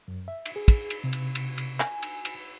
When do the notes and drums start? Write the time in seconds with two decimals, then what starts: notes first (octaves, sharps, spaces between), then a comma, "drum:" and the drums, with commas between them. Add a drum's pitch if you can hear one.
0.08 F#2
0.28 E5
0.46 drum: cymbal
0.56 G#4
0.68 drum: kick, cymbal
0.90 drum: cymbal
1.04 C3
1.13 drum: cymbal
1.35 drum: cymbal
1.58 drum: cymbal
1.80 G#5, drum: clap
2.03 drum: cymbal
2.25 drum: cymbal